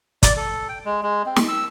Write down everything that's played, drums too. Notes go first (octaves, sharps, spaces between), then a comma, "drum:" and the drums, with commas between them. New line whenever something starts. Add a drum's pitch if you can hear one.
D5, drum: kick, hi-hat
A4
G5
G#3
G#3
C4
drum: snare
E6